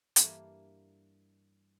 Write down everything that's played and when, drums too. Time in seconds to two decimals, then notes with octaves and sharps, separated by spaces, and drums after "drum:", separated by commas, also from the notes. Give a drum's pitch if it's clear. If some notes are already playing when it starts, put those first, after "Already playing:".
0.16 G2 E3 A#3 A5, drum: hi-hat